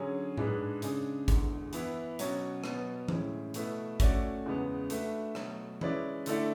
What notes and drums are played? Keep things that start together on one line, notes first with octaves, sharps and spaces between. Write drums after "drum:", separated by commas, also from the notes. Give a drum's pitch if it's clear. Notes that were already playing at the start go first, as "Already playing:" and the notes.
Already playing: D3 F#3 C#4 G#4
G#2 G#3 D4 G#4 B4, drum: tom A2
C#3 G#3 D4 G#4, drum: hi-hat
E2 D3 G#3, drum: kick G#1, hi-hat
E3 B3 E4, drum: hi-hat
B2 F#3 C#4 F#4, drum: hi-hat
B2 F#3 B3, drum: rim click
A2 G#3 C#4 E4, drum: tom E3
B2 A3 E4 B4 E5, drum: hi-hat
A3 C#4 F#4 A4 D5, drum: kick G#1, hi-hat
E2 C#3 G#3 B3
A3 D4 F#4 B4 E5, drum: hi-hat
B2 F#3 A3, drum: rim click
G#3 C#4 E4 B4 D5, drum: tom E3
D3 A3 E4 A4 D5, drum: hi-hat